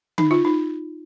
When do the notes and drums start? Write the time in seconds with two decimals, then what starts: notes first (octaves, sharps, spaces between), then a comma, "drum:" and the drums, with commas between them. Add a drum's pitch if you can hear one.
0.18 D#4, drum: tom D3
0.31 F4
0.45 D#4